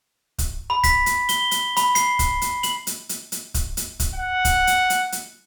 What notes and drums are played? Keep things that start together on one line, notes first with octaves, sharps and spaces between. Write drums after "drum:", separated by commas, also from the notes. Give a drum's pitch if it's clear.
drum: kick, hi-hat
B5
B6, drum: kick, hi-hat
drum: hi-hat
G7, drum: hi-hat
drum: hi-hat
B5, drum: hi-hat
C7, drum: hi-hat
drum: kick, hi-hat
drum: hi-hat
F#7, drum: hi-hat
drum: hi-hat
drum: hi-hat
drum: hi-hat
drum: kick, hi-hat
drum: hi-hat
drum: kick, hi-hat
F#5
drum: kick, hi-hat
drum: hi-hat
drum: hi-hat
drum: hi-hat